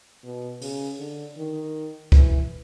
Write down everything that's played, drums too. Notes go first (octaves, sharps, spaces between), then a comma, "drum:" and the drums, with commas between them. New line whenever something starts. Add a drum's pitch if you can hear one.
B2
C#3, drum: open hi-hat
D3
D#3
E3, drum: kick C#2